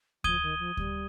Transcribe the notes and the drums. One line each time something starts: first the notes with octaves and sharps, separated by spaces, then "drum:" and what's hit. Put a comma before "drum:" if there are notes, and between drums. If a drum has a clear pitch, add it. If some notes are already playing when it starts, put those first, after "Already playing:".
F3 D#6 G#6 D#7 G7, drum: kick D2
D#3
F3
G3, drum: kick D2